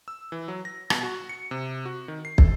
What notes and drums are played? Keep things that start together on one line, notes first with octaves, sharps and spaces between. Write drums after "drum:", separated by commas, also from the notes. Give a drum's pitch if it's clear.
E6
E3
F#3
A#6
B2, drum: rim click
F#4
C#7
C3
F#4
D#3
C7
A4, drum: kick